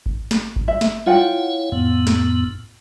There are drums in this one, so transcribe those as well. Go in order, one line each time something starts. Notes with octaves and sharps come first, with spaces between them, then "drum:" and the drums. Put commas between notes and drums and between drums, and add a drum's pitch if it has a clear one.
drum: kick G#1
drum: snare
drum: kick G#1
E5
drum: snare
E4 F4 C#5 F#5 G5
F2 A2 B3
drum: snare